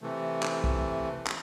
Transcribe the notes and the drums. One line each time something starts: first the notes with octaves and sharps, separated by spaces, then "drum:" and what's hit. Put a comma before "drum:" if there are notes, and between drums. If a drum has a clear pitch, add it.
C3 E3 A3
drum: clap
drum: kick
drum: clap